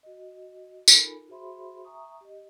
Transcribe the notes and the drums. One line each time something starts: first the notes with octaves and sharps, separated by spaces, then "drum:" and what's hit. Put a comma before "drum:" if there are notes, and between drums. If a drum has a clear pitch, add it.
F#4 D#5
D#4 F4 A4 A#4 G#5 B5, drum: tambourine
F#4 G#4 C5 E5 B5 C6
E5 G#5 A#5 C#6 D#6
G4 D#5